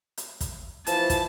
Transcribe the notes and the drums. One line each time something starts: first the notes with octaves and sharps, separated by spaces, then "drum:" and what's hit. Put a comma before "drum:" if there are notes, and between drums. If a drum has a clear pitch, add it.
drum: hi-hat
drum: kick, hi-hat
E3 F3 A5, drum: hi-hat
drum: kick, hi-hat